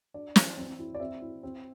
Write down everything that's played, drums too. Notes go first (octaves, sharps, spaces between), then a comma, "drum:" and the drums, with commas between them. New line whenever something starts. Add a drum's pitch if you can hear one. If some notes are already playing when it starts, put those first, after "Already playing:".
D4 D5
E3, drum: snare
C4
E4
D5
C4 E5
E4
C4